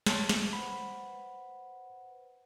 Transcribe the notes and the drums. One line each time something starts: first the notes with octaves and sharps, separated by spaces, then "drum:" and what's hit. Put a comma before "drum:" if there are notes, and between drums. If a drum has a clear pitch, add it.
C#5 A5 C6, drum: snare
drum: snare
B4 C5 F#5 B5